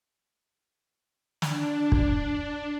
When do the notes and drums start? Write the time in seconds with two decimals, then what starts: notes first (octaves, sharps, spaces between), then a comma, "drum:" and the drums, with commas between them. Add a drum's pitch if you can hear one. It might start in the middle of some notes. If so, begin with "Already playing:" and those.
1.42 D4, drum: snare
1.92 drum: kick